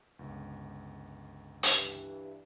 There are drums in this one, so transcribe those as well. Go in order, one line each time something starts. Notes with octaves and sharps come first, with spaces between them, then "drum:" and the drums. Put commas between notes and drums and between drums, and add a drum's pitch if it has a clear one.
G1 C#2
G2 E3, drum: hi-hat